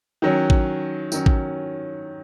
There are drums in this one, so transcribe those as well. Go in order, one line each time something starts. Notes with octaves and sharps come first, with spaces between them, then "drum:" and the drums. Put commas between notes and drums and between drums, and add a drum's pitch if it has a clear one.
D#3 F#3 C#4
drum: kick A1
D#3 F#3 C#4, drum: tambourine
drum: kick A1